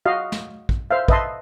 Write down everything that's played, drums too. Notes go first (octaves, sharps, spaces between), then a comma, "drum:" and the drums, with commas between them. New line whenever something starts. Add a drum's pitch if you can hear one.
F#4 D#5 F5
drum: snare
drum: kick
C5 E5 F5
B4 D#5 E5 A5 C6, drum: kick